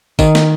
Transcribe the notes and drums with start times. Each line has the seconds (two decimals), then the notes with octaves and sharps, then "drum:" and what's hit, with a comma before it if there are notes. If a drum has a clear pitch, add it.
0.19 D#3, drum: kick, tambourine
0.35 drum: snare